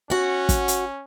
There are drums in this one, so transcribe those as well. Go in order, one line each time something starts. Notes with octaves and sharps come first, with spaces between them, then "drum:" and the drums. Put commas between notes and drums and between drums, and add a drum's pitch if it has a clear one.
C#4 F#4 F#5
drum: kick, hi-hat
drum: hi-hat